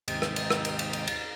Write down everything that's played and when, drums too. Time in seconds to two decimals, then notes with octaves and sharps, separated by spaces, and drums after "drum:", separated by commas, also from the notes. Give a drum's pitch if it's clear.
0.08 D#2 G#2 C3 G4 D#5, drum: cymbal
0.22 drum: rim click
0.36 drum: cymbal
0.50 drum: rim click
0.65 drum: cymbal
0.79 drum: cymbal
0.93 drum: cymbal
1.08 drum: cymbal